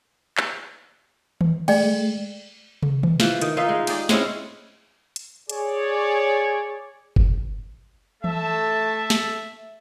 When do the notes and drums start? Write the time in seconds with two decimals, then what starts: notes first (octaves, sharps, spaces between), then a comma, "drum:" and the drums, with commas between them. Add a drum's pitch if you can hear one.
0.37 drum: clap
1.41 drum: tom D#3
1.68 G#3 A3 D5 G5, drum: cymbal
2.83 drum: tom
3.03 drum: tom D#3
3.20 E3 F3, drum: snare
3.41 D#3, drum: hi-hat
3.57 D#4 F4 E5 F5
3.69 G#3
3.87 G4 G#4 D5, drum: cymbal
4.09 G#3 C4 C#4 E4, drum: snare
5.16 drum: hi-hat
5.49 G#4 C#5 D5, drum: hi-hat
7.16 drum: kick G1
8.24 A3 E5 A5, drum: tom E3
9.10 drum: snare